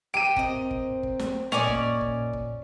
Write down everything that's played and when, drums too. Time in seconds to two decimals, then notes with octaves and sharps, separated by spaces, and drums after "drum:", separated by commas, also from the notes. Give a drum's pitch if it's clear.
0.14 G4 D7 D#7
0.36 C4 A#4 D#5, drum: kick
0.71 drum: kick
1.03 drum: kick
1.19 drum: snare
1.52 A#2 C#4 D5 D#5 G#5 A5, drum: snare
1.68 drum: kick
2.01 drum: kick
2.33 drum: kick